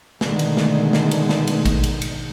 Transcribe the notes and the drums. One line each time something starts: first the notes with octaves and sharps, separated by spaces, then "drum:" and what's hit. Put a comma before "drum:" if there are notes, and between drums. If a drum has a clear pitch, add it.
B2 D3 D#3 G#3 A3 B3, drum: snare
drum: cymbal
drum: snare
drum: snare
drum: cymbal
drum: snare
drum: cymbal
drum: kick, cymbal
drum: cymbal
drum: cymbal